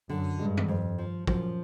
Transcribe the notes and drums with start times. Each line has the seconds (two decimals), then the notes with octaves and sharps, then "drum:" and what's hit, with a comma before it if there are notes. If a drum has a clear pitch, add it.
0.09 F#2 D3
0.39 G2 G#3
0.57 drum: tom
0.68 F2
0.98 F3
1.27 F#2 F3, drum: kick